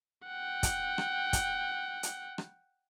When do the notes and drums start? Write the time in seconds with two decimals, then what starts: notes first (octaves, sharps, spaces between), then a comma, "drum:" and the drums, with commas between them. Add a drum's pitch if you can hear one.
0.28 F#5 G5
0.63 drum: kick, hi-hat
0.98 drum: rim click
1.33 drum: kick, hi-hat
2.03 drum: hi-hat
2.38 drum: rim click